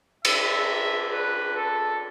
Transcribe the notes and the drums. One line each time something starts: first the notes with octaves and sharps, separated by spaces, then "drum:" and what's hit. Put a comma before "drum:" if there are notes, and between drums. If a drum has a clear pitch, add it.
E5, drum: cymbal
B4
A4